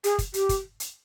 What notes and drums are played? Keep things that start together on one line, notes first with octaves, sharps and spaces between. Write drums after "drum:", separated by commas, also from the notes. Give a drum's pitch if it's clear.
G#4, drum: hi-hat
drum: kick, hi-hat
G4, drum: hi-hat
drum: kick, hi-hat
drum: hi-hat